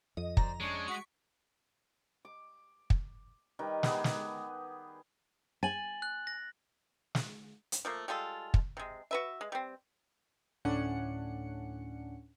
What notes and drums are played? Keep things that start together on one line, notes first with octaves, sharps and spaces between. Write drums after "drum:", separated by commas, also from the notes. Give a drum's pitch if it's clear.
F2 D#5
C5 D5 A#5, drum: kick
G#3 C#4 D4 C#5 C#7 D7
F#4 C#6 B6
D6
drum: kick
D#3 G3 B4
B3 G4 G#4, drum: snare
drum: snare
G#5 A6 F#7
F#6
A#6
drum: snare
drum: hi-hat
F3 A3 A#3
G3 G#3 F4 A4
drum: kick
C3 G#3
F#4 B4 E5
G#3
G3 C4
D2 A2 C#4 D4 F#5 C#7